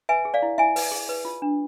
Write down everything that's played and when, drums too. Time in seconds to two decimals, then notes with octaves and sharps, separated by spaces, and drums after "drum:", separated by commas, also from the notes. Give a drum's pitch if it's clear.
0.09 B4 E5 G#5
0.25 G#4
0.34 D5 F5
0.42 E4
0.58 E4 E5 G#5
0.76 B4, drum: open hi-hat
0.91 G#4
1.09 B4
1.25 F4
1.42 D4